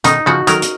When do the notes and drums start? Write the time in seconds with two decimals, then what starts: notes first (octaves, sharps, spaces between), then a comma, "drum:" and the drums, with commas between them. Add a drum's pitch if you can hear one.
0.04 B2 D#3 D#4, drum: hi-hat
0.26 C#3 F3 F#4
0.47 D#3 F#3 A#4, drum: hi-hat
0.62 drum: hi-hat